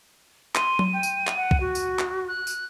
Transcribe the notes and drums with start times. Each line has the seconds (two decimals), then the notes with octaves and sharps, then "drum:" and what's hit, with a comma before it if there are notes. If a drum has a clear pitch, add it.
0.55 C6 D#7, drum: clap
0.79 drum: tom F#3
0.93 G5
1.03 drum: tambourine
1.27 drum: clap
1.36 F#5
1.51 drum: kick
1.61 F#4
1.75 drum: tambourine
1.99 drum: clap
2.28 F#6
2.47 drum: tambourine